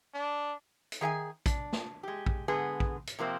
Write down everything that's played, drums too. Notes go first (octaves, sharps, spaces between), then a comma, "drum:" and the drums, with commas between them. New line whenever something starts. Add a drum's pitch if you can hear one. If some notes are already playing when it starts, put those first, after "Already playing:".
D4
drum: hi-hat
D#3 G#4 E5 G#5
D4, drum: kick A#1, hi-hat
drum: snare
G#3 G4
drum: kick A#1
D3 G#3 B3 G#4
drum: kick A#1
drum: hi-hat
C3 F3 A#3 C4